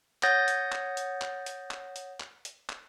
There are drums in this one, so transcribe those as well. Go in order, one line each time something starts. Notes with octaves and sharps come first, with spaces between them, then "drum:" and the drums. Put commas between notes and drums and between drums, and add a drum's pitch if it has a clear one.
C#5 F#5 D#6 G6 A6 A#6, drum: clap
drum: hi-hat
drum: clap
drum: hi-hat
drum: clap
drum: hi-hat
drum: clap
drum: hi-hat
drum: clap
drum: hi-hat
drum: clap